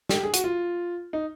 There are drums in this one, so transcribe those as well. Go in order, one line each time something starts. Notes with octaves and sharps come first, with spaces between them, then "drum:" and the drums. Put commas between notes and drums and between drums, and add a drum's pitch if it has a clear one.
G4, drum: snare
G#4
F#4, drum: hi-hat
F4
D#4